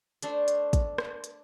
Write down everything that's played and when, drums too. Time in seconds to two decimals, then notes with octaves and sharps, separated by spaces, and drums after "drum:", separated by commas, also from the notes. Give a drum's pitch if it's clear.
0.22 A3 D4 C5, drum: hi-hat
0.48 drum: hi-hat
0.73 drum: kick, hi-hat
0.98 drum: rim click
1.24 drum: hi-hat